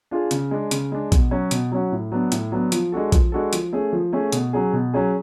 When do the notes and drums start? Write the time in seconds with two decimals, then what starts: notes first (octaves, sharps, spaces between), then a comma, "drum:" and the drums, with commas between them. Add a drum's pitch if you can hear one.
0.11 D4 F4 G#4
0.31 C#3, drum: hi-hat
0.51 G#3 D4
0.71 C#3, drum: hi-hat
0.92 G#3 D4
1.12 B2, drum: kick, hi-hat
1.31 F#3 C#4 F#4
1.51 B2, drum: hi-hat
1.72 F#3 C#4 F#4
1.92 A2
2.12 F#3 B3 D4
2.32 A2, drum: hi-hat
2.52 F#3 B3 D4
2.72 F3, drum: hi-hat
2.92 G#3 D4 F#4 A4
3.12 F3, drum: kick, hi-hat
3.32 G#3 D4 F#4 A4
3.53 F3, drum: hi-hat
3.73 A3 C#4 G#4
3.93 F3
4.13 A3 C#4 G#4
4.32 B2, drum: hi-hat
4.53 F#3 C#4 G#4
4.73 B2
4.94 F#3 C#4 G#4